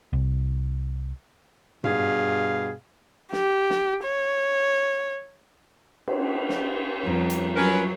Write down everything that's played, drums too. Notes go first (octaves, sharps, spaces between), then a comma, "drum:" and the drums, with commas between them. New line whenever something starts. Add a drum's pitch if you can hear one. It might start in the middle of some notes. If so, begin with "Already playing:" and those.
C2
G2 B2 G#4 F5, drum: tom G#2
G4, drum: snare
drum: snare
C#5
drum: cymbal
drum: snare
F2 G3 F4 A#5
drum: hi-hat
F#3 C#4 A#4 B4